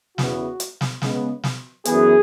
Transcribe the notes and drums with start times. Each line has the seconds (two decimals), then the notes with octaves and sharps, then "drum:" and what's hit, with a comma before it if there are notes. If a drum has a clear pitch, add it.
0.18 E2 C#3 E3 B3 F#4, drum: snare
0.60 drum: hi-hat
0.81 drum: snare
1.02 C#3 G#3 B3, drum: snare
1.44 drum: snare
1.85 F#2 E3 B3 G#4, drum: hi-hat